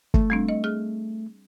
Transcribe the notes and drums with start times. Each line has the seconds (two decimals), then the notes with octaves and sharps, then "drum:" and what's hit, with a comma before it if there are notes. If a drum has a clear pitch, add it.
0.14 A3, drum: kick
0.30 G3 C4 D4
0.49 D#5
0.64 G#4 F6